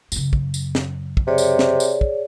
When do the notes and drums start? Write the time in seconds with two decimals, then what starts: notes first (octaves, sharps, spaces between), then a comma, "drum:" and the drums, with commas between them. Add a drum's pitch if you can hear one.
0.12 F#2 C#3, drum: tambourine
0.33 drum: kick
0.54 drum: tambourine
0.75 drum: snare
1.17 drum: kick
1.27 C3 G#4 C#5 D5
1.38 drum: tambourine
1.59 drum: snare
1.80 drum: tambourine
2.01 drum: kick